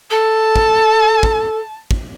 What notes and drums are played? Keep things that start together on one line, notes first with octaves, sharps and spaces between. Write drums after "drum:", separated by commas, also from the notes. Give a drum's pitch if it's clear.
A4 A5
drum: kick
drum: kick
drum: kick